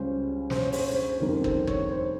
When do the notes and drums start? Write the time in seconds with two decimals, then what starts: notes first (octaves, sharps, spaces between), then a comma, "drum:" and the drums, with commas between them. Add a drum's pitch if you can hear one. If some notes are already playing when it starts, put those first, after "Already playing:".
Already playing: C#2 C#3 G3 C#4 C5
0.50 C5, drum: snare
0.58 C#5
0.65 C5
0.73 C#5, drum: open hi-hat
0.80 C5
0.88 C#5
0.95 C5
1.20 F1 F2 D#3 G3 C#4 A#4
1.44 C5, drum: kick G1
1.67 C#5, drum: kick G1
1.91 C5